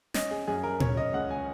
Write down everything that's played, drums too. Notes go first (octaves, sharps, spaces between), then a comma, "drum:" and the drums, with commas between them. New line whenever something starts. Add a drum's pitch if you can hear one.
C#4 D#5, drum: snare
G#4
F#2 G#4
A#4
C#4 C#5, drum: tom
D#5
C#2 F#5
G#5